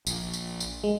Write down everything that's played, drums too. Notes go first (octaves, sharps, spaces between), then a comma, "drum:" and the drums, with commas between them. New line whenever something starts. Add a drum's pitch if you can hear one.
A#1, drum: tambourine
drum: tambourine
drum: tambourine
G#3